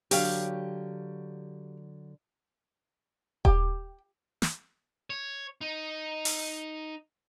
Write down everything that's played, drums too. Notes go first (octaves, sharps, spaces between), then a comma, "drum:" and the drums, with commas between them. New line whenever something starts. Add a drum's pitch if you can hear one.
D3 F#3 G4 C#5 F5, drum: open hi-hat
G4, drum: kick D#1
drum: snare
C#5
D#4
drum: open hi-hat